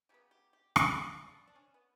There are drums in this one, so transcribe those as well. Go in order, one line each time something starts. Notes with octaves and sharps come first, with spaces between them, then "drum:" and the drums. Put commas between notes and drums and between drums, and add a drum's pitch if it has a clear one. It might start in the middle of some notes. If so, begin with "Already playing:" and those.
C#3 F#3 B3 G4
G4
G4
F#4, drum: rim click
E4
D4
D4
C#4
B3